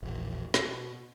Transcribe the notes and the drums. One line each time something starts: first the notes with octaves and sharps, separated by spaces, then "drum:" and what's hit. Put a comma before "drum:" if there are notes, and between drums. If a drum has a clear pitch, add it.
E1 A#1
B2, drum: snare